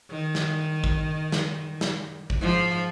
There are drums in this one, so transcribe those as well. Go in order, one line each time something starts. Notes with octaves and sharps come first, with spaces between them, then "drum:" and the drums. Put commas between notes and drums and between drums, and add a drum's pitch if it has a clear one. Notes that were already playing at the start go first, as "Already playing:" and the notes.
D#3
drum: snare
drum: kick
drum: snare
drum: snare
drum: kick
G#2 F3